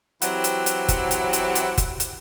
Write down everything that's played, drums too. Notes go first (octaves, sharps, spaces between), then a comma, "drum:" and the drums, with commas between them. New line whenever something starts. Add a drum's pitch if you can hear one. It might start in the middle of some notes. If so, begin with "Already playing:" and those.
E3 F#3 C4 E4 G4 F#5, drum: hi-hat
drum: hi-hat
drum: hi-hat
drum: kick F#1, hi-hat
drum: hi-hat
drum: hi-hat
drum: hi-hat
drum: kick F#1, hi-hat
drum: hi-hat